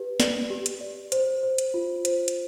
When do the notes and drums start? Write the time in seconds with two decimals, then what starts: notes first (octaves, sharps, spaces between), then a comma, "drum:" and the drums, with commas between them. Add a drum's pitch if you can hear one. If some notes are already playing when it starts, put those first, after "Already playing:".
Already playing: G4 B4
0.20 D5, drum: snare
0.50 G4
0.66 drum: hi-hat
0.81 D5
1.12 C5, drum: hi-hat
1.43 C5
1.58 drum: hi-hat
1.74 F4
2.05 C5, drum: hi-hat
2.28 drum: hi-hat